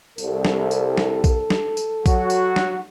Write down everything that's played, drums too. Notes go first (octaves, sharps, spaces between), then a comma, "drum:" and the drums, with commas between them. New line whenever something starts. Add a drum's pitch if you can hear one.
C2 A4, drum: tambourine
drum: snare
drum: tambourine
drum: snare
drum: kick A#1, tambourine
drum: snare
drum: tambourine
F#3 F#4, drum: kick A#1, tambourine
drum: tambourine
drum: snare